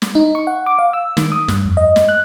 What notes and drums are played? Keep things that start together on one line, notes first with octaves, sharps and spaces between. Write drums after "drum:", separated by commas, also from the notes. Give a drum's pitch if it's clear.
drum: snare
D#4
C#6
F#5
D6
F5
E6
D#3, drum: snare
D#6
G2, drum: snare
F2
D#5
drum: snare
F#6